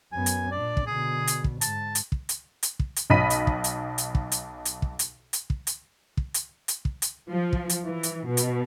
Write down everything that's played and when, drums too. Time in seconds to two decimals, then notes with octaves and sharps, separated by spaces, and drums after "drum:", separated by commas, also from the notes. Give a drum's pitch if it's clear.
0.12 F#2 B3 G#5
0.26 drum: hi-hat
0.52 A#2 D4 D5
0.77 drum: kick
0.87 B2 D3 G#4
1.27 drum: hi-hat
1.44 drum: kick
1.61 G#2 A5, drum: hi-hat
1.95 drum: hi-hat
2.12 drum: kick
2.29 drum: hi-hat
2.63 drum: hi-hat
2.80 drum: kick
2.96 drum: hi-hat
3.10 B1 D#5 B5 B6 D#7
3.30 drum: hi-hat
3.47 drum: kick
3.64 drum: hi-hat
3.98 drum: hi-hat
4.15 drum: kick
4.32 drum: hi-hat
4.65 drum: hi-hat
4.82 drum: kick
4.99 drum: hi-hat
5.33 drum: hi-hat
5.50 drum: kick
5.67 drum: hi-hat
6.17 drum: kick
6.34 drum: hi-hat
6.68 drum: hi-hat
6.85 drum: kick
7.02 drum: hi-hat
7.29 F3
7.53 drum: kick
7.69 drum: hi-hat
7.85 E3
8.03 drum: hi-hat
8.27 B2
8.37 drum: hi-hat